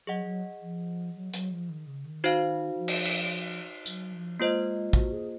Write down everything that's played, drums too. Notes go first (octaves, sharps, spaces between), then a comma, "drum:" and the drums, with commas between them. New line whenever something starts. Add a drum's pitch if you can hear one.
F#3 G#4 D#5 F#5
F#3
F3
F#3
F#3, drum: hi-hat
F3
D#3
C#3
D#3
D#4 F#4 C5 F5
F3
drum: cymbal
drum: cymbal
F#3, drum: tambourine
F3
G#3 A#3 F4 C5 D#5
F#4, drum: kick
G#4